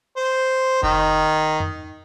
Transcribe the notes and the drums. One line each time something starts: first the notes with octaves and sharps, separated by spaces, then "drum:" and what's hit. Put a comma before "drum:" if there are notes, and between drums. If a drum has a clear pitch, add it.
C5
D#3, drum: kick F1
drum: tom F2